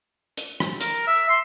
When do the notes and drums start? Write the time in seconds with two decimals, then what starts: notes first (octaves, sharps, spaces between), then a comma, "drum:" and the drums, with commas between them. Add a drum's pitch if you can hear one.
0.37 drum: hi-hat
0.60 drum: rim click
0.81 A#4, drum: hi-hat
1.07 E5
1.29 C6